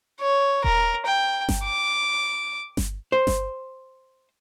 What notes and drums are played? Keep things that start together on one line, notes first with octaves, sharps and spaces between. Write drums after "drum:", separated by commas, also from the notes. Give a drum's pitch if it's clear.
C#5
A#4, drum: kick D#1
G5
drum: snare G1
D6
drum: snare G1
C5
drum: snare G1